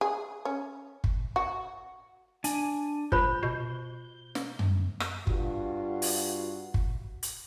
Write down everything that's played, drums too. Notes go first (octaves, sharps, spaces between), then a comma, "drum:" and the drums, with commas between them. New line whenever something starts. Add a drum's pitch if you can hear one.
G#4
C#4
drum: kick G1
F#4
D4 G#5, drum: hi-hat
F4 C5 B5 G6, drum: kick G1
B2
drum: snare
drum: tom F#2
drum: rim click
G2 F4 F#4, drum: kick G1
drum: open hi-hat
drum: kick G1
drum: hi-hat